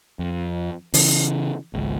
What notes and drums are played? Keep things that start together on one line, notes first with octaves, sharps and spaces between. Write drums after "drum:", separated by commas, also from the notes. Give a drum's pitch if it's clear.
F2
C#3 E3, drum: open hi-hat
G#1 C#2